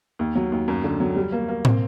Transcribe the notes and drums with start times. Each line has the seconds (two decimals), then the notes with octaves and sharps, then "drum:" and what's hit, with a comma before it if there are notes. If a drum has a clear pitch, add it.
0.19 D#2
0.35 F#3
0.52 D#2
0.68 F#2
0.84 D3
1.00 F#3
1.16 G3
1.32 A#3
1.48 A#3
1.65 C4, drum: tom